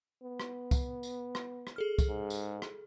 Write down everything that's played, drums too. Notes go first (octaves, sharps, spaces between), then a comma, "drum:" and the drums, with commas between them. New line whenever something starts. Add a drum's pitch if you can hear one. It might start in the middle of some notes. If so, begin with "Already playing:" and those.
B3
drum: rim click
drum: kick C2, tambourine
drum: tambourine
drum: rim click
drum: rim click
G#4 A4 F6
drum: kick C2, tambourine
G#2
drum: tambourine
drum: rim click